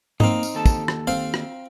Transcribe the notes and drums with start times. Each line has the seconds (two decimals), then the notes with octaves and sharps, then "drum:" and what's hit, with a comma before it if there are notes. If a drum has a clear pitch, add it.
0.20 A#3 C4 D#4 F5, drum: tom G#2
0.43 drum: tambourine
0.55 D#2 A4 A5
0.66 drum: kick, tambourine
0.88 drum: rim click
1.07 C4 C5 F5
1.34 drum: rim click